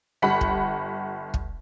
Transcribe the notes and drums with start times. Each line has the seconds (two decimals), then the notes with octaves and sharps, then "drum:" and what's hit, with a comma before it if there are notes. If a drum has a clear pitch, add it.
0.22 G1 G4 F#5 B5 B6
0.41 drum: kick
1.34 drum: kick